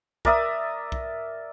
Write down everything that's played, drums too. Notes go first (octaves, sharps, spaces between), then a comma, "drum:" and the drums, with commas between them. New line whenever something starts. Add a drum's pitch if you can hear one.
A#4 D5 E5 D#6, drum: kick B1
drum: kick B1